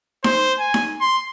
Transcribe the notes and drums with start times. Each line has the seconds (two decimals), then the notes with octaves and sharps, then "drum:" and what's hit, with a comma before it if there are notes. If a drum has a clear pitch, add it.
0.24 C5, drum: snare D#4
0.60 G#5
0.74 drum: snare D#4
1.01 C6